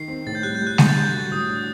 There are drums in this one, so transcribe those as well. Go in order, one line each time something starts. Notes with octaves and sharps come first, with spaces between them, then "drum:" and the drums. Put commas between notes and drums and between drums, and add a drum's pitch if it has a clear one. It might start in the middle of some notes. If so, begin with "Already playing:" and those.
Already playing: D#3 C7
C4
A2 A6
G6
G3 F#6
G6
G3
F#6
D3 G6, drum: snare G#3
A6
G3 G6
F#4
A2 D#6
D4